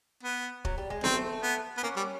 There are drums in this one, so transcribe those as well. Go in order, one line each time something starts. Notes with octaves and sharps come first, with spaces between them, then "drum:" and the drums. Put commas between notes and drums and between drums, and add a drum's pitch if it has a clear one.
B3
F#3, drum: kick
G3
G#3
A3 C4, drum: snare B3
B3
B3
A#3 C#4
G3